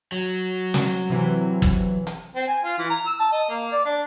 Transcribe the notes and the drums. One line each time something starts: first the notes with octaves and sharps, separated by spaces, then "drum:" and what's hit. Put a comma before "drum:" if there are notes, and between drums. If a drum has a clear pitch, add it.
F#3
drum: snare
C3 E3
drum: kick
drum: hi-hat
C4
G#5
F4
E3
A#5
E6
A5
D#5
A#3
D5
D4